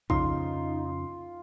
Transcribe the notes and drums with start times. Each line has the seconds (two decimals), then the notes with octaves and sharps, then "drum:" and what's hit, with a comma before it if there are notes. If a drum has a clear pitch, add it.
0.10 F2 C#3 F3 D#4 F4 C6, drum: kick B1